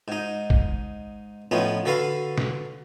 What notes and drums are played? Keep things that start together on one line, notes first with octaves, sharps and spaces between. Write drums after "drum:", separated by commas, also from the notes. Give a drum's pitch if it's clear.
G#2 D#4
drum: kick A1
A2 F3 B3 C#4 D#4
D3 F#4 A4 B4 F5
drum: snare